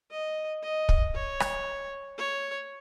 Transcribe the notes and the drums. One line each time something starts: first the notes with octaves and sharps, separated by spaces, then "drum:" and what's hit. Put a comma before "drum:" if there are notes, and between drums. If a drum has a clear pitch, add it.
D#5
D#5
drum: kick
C#5
drum: rim click
C#5